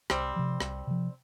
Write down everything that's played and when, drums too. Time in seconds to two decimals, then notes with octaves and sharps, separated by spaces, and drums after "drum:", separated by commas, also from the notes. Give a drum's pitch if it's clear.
0.10 C2 G3 C4, drum: rim click
0.36 C3 F3
0.60 C2, drum: rim click
0.87 C3 F3